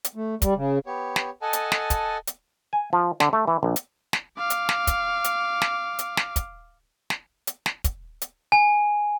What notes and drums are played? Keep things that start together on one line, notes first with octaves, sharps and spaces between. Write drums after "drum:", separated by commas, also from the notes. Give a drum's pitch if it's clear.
drum: hi-hat
A3
G3, drum: kick, hi-hat
C#3
B3 G4 C#5
drum: snare
A4 D#5 F#5 G#5 A5
drum: hi-hat
drum: snare
drum: kick, hi-hat
drum: hi-hat
G#5
F3
D3, drum: snare
A3
E3
A#1
drum: hi-hat
drum: snare
F5 D6
drum: hi-hat
drum: snare
drum: kick, hi-hat
drum: hi-hat
drum: snare
drum: hi-hat
drum: snare
drum: kick, hi-hat
drum: snare
drum: hi-hat
drum: snare
drum: kick, hi-hat
drum: hi-hat
G#5